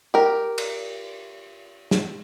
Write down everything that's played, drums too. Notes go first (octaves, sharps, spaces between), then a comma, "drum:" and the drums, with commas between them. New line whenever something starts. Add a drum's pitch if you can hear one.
G4 A#4
drum: cymbal
drum: snare